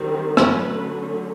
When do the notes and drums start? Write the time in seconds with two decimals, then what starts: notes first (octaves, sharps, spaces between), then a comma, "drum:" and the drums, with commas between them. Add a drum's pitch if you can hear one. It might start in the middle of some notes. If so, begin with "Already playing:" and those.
Already playing: D#3 G3 C4
0.37 D3 F#3 A3 C#4 B4, drum: rim click